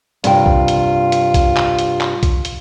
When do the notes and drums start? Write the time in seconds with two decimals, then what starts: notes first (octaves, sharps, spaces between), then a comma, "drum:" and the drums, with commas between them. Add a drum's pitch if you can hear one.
0.24 G2 C3 F4 G5, drum: hi-hat
0.46 drum: kick B1
0.68 drum: hi-hat
1.12 drum: hi-hat
1.34 drum: kick B1, hi-hat
1.56 drum: clap
1.79 drum: hi-hat
2.01 drum: clap
2.23 drum: kick B1, hi-hat
2.45 drum: hi-hat